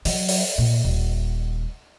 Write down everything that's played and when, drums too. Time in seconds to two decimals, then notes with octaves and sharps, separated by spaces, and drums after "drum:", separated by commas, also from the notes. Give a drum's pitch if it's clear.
0.05 F#3, drum: open hi-hat
0.29 drum: open hi-hat
0.58 A#2
0.84 D#1